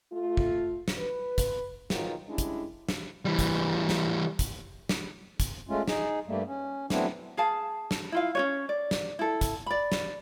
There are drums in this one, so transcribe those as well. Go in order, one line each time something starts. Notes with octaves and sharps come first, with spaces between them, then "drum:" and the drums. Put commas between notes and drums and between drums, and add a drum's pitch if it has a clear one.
A3 F4
drum: kick
drum: snare
B4
drum: kick, hi-hat
G#2 B2 D#3 F#3 F4, drum: snare
G3 G#3 C#4 D4 E4
drum: kick, hi-hat
drum: snare
E3 G3
drum: kick, hi-hat
drum: snare
drum: kick, hi-hat
drum: snare
drum: kick, hi-hat
G#3 A3 C#4 F4
D#4 G#4, drum: snare
G2 G3 A3 A#3
C#4
F#3 A3 B3 C4 D4 E4, drum: snare
G#4 F5 A5
drum: snare
E4 F4 F5
C#4 F#4 C#5
D5
drum: snare
E4 A4
drum: kick, hi-hat
D5 B5
drum: snare